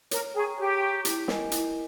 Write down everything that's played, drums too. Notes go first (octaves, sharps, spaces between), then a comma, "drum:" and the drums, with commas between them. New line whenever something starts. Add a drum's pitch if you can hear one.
A#4 C#5, drum: hi-hat
G#4 G5 A#5 C#6
G4 C#5
G5 A#5 C#6
E4, drum: hi-hat
A#4 D#5 G#5, drum: snare
E4, drum: hi-hat